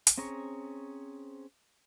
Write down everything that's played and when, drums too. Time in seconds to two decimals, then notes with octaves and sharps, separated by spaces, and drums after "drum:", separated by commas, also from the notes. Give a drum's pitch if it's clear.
0.07 drum: hi-hat
0.18 C4 C#4 G#4 A#5 C#6